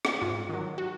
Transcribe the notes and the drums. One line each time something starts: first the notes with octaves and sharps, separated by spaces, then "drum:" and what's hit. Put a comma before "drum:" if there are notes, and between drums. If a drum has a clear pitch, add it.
drum: rim click
G#2 F4
D#3 F#3
F#4